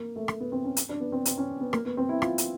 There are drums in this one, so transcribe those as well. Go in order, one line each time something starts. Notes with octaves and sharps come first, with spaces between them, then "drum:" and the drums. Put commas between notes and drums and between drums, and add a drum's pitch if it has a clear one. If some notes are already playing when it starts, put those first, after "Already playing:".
Already playing: A#3
A3
drum: rim click
B3
C4
C#4
drum: hi-hat
D4
B3
C4
C4, drum: hi-hat
C#4
B3
A#3, drum: rim click
B3
C4
E4
F4, drum: rim click
drum: hi-hat